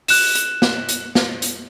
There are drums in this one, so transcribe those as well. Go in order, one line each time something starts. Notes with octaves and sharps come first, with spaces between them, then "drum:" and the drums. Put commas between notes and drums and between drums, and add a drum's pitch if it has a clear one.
F#6 E7, drum: open hi-hat
drum: hi-hat
drum: snare
drum: hi-hat
drum: snare
drum: hi-hat